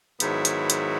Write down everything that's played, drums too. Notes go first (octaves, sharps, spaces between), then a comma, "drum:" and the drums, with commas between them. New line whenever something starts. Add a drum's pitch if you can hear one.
G#2 D#3 F#3 B3 E4, drum: hi-hat
drum: hi-hat
drum: hi-hat